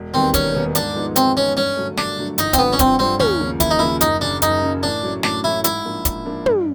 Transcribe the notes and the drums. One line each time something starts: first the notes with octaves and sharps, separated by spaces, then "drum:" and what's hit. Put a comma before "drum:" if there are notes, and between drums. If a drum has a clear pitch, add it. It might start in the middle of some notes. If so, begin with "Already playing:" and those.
Already playing: E1
D#2 D#3 G3 B3 C4
E1 C#4, drum: kick, hi-hat
D#2 D#3 G3 B3
G#2 D4, drum: hi-hat
F3 G#3 B3 D#4
G#2 C4, drum: hi-hat
F3 G#3 B3 C#4 D#4
G2 C#4
D3 F#3 A3
G2 D4, drum: snare
D3 F#3 A3
G1 D#4, drum: hi-hat
C4, drum: kick, hi-hat
G2 D3 F3 B3
C#4
G1 C4, drum: kick, hi-hat
G2 D3 F3 C4
D#2 C#4, drum: tom
C#3 F3 A#3
D#2 E4, drum: kick, hi-hat
D#4
C#3 F3 A#3 E4
F#1 D#4, drum: hi-hat
F#2 C#3 D4
F#1 D#4, drum: hi-hat
F#2 C#3
A2 D4
F#3 A3 C#4
A2 D4, drum: snare
F#3 A3 C#4 E4
G#2 E4, drum: hi-hat
F3 A#3 D4
G#2, drum: kick, hi-hat
F3 A#3 D4
G2, drum: tom